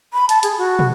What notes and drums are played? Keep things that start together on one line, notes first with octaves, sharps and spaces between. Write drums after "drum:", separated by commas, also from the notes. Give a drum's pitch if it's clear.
B5
A5, drum: hi-hat
G#4, drum: hi-hat
F#4
drum: tom